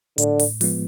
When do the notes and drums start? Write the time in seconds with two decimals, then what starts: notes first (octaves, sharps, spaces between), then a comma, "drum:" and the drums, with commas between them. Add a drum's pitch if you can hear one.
0.18 A2 D3, drum: hi-hat
0.39 drum: open hi-hat
0.61 F3 G#3 B3, drum: open hi-hat